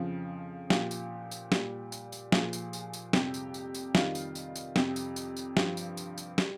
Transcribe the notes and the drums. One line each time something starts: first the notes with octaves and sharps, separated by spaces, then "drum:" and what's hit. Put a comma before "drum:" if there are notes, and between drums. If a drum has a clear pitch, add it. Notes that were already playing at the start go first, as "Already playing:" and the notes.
Already playing: F2 C#3 F3
A#2 F3 G4, drum: snare
drum: tambourine
drum: tambourine
A#2 G3, drum: snare
drum: tambourine
drum: tambourine
A#2 F3 G#4, drum: snare
drum: tambourine
drum: tambourine
drum: tambourine
F2 C3 G3 G4, drum: snare
drum: tambourine
drum: tambourine
drum: tambourine
F2 D#3 G3 F4, drum: snare
drum: tambourine
drum: tambourine
drum: tambourine
F2 C3 G3 G4, drum: snare
drum: tambourine
drum: tambourine
drum: tambourine
G2 F3 G4, drum: snare
drum: tambourine
drum: tambourine
drum: tambourine
G3, drum: snare